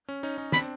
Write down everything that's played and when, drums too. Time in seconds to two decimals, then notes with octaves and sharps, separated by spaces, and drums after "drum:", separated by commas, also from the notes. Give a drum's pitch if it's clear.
0.09 C#4
0.23 C#4 D#4
0.38 C#4 D#4
0.52 C4 D4 B5, drum: snare